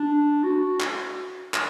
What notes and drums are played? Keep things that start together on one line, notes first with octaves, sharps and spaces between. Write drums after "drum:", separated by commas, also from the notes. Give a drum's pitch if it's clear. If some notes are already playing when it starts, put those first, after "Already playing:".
Already playing: D4
F#4
drum: clap
drum: clap